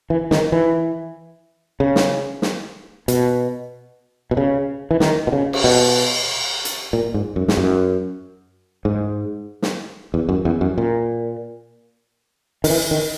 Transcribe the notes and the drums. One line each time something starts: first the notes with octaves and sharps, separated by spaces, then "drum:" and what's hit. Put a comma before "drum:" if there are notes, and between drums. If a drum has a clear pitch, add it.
E3
D#3, drum: snare
E3
C#3
drum: snare
drum: snare
B2, drum: hi-hat
B2
C#3
E3
D#3, drum: snare
B2
C#3
drum: cymbal
B2
drum: hi-hat
A#2
G#2
F#2
G#2, drum: snare
F#2
G#2
drum: snare
E2
F#2
E2
F#2
A#2
D#3, drum: open hi-hat
E3
D#3